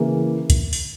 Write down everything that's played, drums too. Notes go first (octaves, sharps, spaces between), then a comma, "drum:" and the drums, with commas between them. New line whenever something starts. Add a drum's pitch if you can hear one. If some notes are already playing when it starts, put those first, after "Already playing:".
Already playing: C#3 E3 A#3
drum: kick, hi-hat
drum: open hi-hat